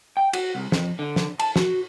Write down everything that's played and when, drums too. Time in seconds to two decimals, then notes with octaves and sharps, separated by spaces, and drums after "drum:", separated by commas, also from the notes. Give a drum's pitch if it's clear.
0.17 G5
0.33 F#4, drum: cymbal
0.55 C2
0.72 F2, drum: snare
0.99 D3
1.16 drum: snare
1.40 A5, drum: cymbal
1.56 F#4, drum: snare